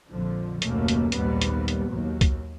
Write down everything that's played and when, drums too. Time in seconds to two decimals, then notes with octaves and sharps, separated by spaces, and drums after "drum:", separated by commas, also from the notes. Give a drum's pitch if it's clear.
0.10 A#1 F2 D3 F3
0.62 F#1 D#2 B2 A3 A#3 C#4, drum: hi-hat
0.88 drum: hi-hat
1.12 A#1 D#2 G#2 G3 B3, drum: hi-hat
1.41 drum: hi-hat
1.68 drum: hi-hat
1.89 D#2 F#3
2.21 drum: kick, hi-hat